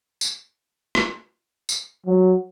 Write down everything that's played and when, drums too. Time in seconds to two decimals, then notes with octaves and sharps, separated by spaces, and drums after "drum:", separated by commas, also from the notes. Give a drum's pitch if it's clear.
0.21 drum: tambourine
0.95 drum: rim click
1.69 drum: tambourine
2.06 F#3